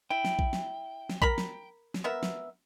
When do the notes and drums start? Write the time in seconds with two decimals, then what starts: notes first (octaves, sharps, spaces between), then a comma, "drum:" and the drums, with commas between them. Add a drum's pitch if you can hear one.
0.10 E4 G5
0.25 drum: snare
0.39 drum: kick A#1
0.53 drum: snare
1.10 drum: snare
1.22 A#4 A#5 B5, drum: kick A#1
1.38 drum: snare
1.94 drum: snare
2.04 B3 A#4 E5
2.23 drum: snare